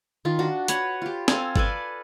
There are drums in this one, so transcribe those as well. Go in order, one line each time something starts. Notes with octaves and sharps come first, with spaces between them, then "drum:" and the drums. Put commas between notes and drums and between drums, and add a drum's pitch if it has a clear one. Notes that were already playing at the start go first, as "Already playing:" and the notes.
D#3 F4
D4 F#4
B4 C#5 F#5, drum: hi-hat
F4 G4
C4 A4 F5 G#5, drum: snare
A4 B4 D5 G#5, drum: kick G1